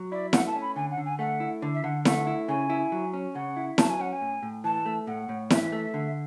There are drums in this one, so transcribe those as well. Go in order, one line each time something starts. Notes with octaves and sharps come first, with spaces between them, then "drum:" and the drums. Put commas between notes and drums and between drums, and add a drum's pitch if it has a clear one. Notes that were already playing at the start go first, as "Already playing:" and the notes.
Already playing: F#3
E4 D5
A3 F#5, drum: snare E4
A5
C#4
B5
D3 G#5
F#5
D3
G#5
A3 F#5
E4
D3
E5
D3 F#5
A3 F#5, drum: snare E4
E4
C#3 G#5
E4
F#3
C#4
C#3 F#5
E4
F#3 A5, drum: snare E4
G#5
C#4 F#5
G#5
A2
A2
E3 A5
A3
A2 F#5
A2
E3 E5, drum: snare E4
A3
D3